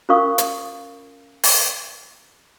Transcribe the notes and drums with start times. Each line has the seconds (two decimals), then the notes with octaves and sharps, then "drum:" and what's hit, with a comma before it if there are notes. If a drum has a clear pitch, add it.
0.09 C#4 F4 A#4 F5 C#6 D#6
0.38 drum: hi-hat
1.43 drum: open hi-hat